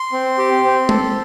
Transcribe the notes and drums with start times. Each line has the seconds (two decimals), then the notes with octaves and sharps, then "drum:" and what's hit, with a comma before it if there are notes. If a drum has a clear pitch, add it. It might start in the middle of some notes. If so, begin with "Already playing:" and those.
Already playing: C6
0.12 C4
0.38 G4
0.64 C4
0.89 A4, drum: tom G#3